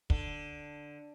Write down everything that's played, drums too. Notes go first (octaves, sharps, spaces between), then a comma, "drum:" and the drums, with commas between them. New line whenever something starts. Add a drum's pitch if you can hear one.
D3, drum: kick